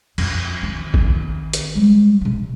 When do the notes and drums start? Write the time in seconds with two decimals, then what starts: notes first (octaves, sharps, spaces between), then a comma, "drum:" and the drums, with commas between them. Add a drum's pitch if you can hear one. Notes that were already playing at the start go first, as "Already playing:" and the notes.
0.18 F2, drum: cymbal
0.63 D#3 C4
0.94 drum: kick
1.53 drum: hi-hat
1.75 G3 G#3
2.21 C3 G3